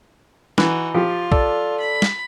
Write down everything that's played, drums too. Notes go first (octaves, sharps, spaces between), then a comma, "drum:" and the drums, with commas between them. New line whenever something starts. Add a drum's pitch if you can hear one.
E3 D#4 F#4, drum: snare
F3 F4 G4
A4 D5, drum: kick
B5
drum: snare